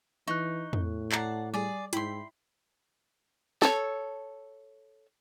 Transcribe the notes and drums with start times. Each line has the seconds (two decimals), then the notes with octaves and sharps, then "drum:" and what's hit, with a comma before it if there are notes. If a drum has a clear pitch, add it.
0.28 E3 D#4 C#6 F#6
0.73 A2, drum: tom
1.12 D5 F#5 A5 A#5 C7, drum: clap
1.54 G3 G#4 D5
1.93 G#2 E4 G5 B5 C6 B6, drum: hi-hat
3.62 A4 C#5, drum: snare